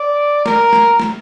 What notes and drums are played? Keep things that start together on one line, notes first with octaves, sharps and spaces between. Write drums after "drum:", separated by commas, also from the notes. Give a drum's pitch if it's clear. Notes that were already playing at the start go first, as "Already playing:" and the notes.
Already playing: D5
A#4, drum: snare
drum: snare
drum: snare